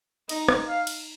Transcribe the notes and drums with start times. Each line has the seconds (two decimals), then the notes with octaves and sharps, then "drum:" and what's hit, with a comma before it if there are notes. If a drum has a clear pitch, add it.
0.29 D#4 D#5, drum: cymbal
0.48 drum: rim click
0.68 F5
0.87 drum: cymbal